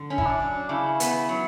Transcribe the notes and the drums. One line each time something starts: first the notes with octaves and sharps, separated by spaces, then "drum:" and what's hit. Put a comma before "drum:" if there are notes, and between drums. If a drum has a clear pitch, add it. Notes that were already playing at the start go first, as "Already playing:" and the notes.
Already playing: D3
C#4
E4, drum: kick
D4
F#3
C#3 E4
B3, drum: hi-hat
F#3